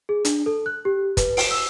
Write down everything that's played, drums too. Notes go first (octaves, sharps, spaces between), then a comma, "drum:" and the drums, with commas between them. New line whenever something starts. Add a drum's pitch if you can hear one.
G#4
D4, drum: hi-hat
A4
F#6
G4
B4, drum: kick, hi-hat
D7, drum: open hi-hat
E6